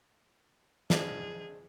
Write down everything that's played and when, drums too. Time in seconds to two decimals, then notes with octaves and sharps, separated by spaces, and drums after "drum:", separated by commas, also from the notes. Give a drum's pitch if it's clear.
0.90 G#3 C4 D4 G#4, drum: snare